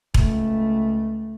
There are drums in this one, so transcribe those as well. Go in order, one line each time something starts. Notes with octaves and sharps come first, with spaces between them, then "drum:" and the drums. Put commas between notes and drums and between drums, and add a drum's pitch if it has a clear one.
C#2 A3, drum: kick E1